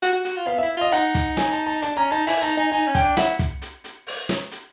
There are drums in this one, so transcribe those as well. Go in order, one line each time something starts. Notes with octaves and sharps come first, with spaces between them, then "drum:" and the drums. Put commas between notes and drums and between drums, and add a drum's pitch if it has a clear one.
F#4, drum: hi-hat
F#4
F#4, drum: hi-hat
F4
B3 F5
E5
E4
F4 D#5
D#4 F#5, drum: hi-hat
drum: kick, hi-hat
G#5, drum: snare
A5
A5
D4 A5, drum: hi-hat
C#4 A#5
D#4 A5
E4 G#5, drum: open hi-hat
D#4 A5
D#4 G#5
D#4 G#5
C#4
G5, drum: kick, hi-hat
D4
E4 F#5, drum: snare
drum: kick, hi-hat
drum: hi-hat
drum: hi-hat
drum: open hi-hat
drum: snare
drum: hi-hat